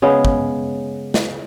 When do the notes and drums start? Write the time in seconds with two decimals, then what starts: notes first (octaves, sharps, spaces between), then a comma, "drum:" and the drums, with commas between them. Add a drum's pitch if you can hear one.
0.02 C#3 G#3 B3 C#4
0.25 drum: kick
1.14 drum: snare